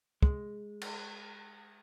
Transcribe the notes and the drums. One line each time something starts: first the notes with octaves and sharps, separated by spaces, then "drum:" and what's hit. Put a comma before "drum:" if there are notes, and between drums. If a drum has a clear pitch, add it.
G#3, drum: kick
drum: cymbal